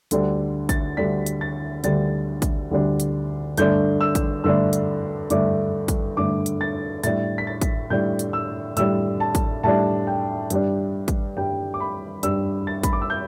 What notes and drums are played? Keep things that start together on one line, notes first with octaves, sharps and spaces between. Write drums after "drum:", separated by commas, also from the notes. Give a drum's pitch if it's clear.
D2 D3 G3 D4, drum: hi-hat
A6, drum: kick, hi-hat
D2 D3 G3 D4 B6
drum: hi-hat
A6
D2 D3 G3 D4 A6, drum: hi-hat
drum: kick, hi-hat
D2 D3 G3 D4
drum: hi-hat
G2 D3 A3 D4 G6, drum: hi-hat
E6
drum: kick, hi-hat
G2 D3 A3 D4 E6
drum: hi-hat
G2 D3 A3 D4 D6, drum: hi-hat
drum: kick, hi-hat
G2 D3 A3 D4 D6
drum: hi-hat
A6
A2 G3 D4 A6, drum: hi-hat
B6
A6
drum: kick, hi-hat
A2 G3 D4 G6
drum: hi-hat
E6
A2 G3 D4 E6, drum: hi-hat
A5
drum: kick, hi-hat
A2 G3 D4 A5
G5
G2 G3 D4, drum: hi-hat
drum: kick, hi-hat
G2 G3 D4 G5
D6
B5
G2 G3 D4 E6, drum: hi-hat
A6
B5, drum: kick, hi-hat
D6
E6
G6